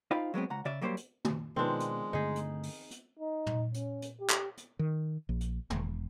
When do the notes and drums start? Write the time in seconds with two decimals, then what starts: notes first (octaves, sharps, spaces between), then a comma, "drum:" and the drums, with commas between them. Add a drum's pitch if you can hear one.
0.11 D#4 F4 C5 F5 G5 B5
0.34 F#3 G#3 B3 C4
0.50 C#2 F#5 A#5
0.65 C#3 D5 E5
0.81 F#3 G3 A#3 C5 D#5 C6
0.97 drum: hi-hat
1.25 drum: tom
1.56 B2 D#3 F3 G#3 B3 C4 D4
1.80 drum: hi-hat
2.13 G2 D3 A3 D#4 G#4
2.36 drum: hi-hat
2.63 drum: open hi-hat
2.91 drum: hi-hat
3.19 D#4
3.46 drum: tom
3.74 C#4, drum: hi-hat
4.02 drum: hi-hat
4.20 G4
4.30 drum: clap
4.57 drum: hi-hat
4.79 D#3
5.29 A#1
5.41 drum: hi-hat
5.70 E1, drum: tom